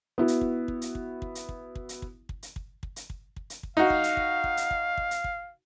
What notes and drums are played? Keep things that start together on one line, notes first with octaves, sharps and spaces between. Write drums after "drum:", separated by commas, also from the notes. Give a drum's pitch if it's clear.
B3 E4 F#4
drum: hi-hat
drum: kick
drum: kick
drum: hi-hat
drum: kick
drum: kick
drum: hi-hat
drum: kick
drum: kick
drum: hi-hat
drum: kick
drum: kick
drum: hi-hat
drum: kick
drum: kick
drum: hi-hat
drum: kick
drum: kick
drum: hi-hat
drum: kick
D#4 F#4 F5
drum: kick
drum: hi-hat
drum: kick
drum: kick
drum: hi-hat
drum: kick
drum: kick
drum: hi-hat
drum: kick